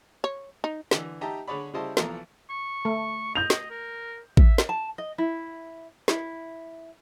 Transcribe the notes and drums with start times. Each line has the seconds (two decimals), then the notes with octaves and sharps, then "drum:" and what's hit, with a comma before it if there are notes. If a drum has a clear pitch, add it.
0.24 C#5
0.64 D#4
0.91 D3 E3, drum: snare
1.21 D#4 G4 E5 A5 A#5
1.48 D3 D4 G#4 C#5 D5 B5
1.74 C#3 G3 E4 C5 D#5 A5
1.97 B1 E3 F3 A4 A#5, drum: snare
2.50 C#6
2.85 A3
3.35 D#5 G6 F7
3.50 drum: snare
3.70 A#4
4.37 E5, drum: kick A1
4.58 drum: snare
4.69 A5
4.98 D#5
5.18 E4
6.08 E4, drum: snare